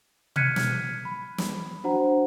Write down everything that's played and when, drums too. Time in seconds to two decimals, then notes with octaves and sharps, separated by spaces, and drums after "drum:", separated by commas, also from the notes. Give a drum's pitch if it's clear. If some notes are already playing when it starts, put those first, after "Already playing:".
0.36 F6 F#6 G#6 B6 C#7 D#7, drum: tom
0.56 drum: snare
1.05 B5
1.38 drum: snare
1.84 D4 F#4 C5 F#5 A#5